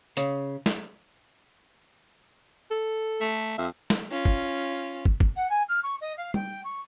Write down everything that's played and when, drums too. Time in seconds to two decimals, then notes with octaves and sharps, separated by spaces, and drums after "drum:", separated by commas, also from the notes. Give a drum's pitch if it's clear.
0.17 C#3, drum: hi-hat
0.66 drum: snare
2.71 A4
3.21 A3
3.58 F2 E5
3.90 drum: snare
4.12 C#4 F4
4.25 drum: kick
5.05 drum: kick
5.20 drum: kick
5.35 F#5
5.49 G#5
5.68 F6
5.83 C#6
6.00 D#5
6.17 F5
6.34 G5, drum: tom G3
6.64 C#6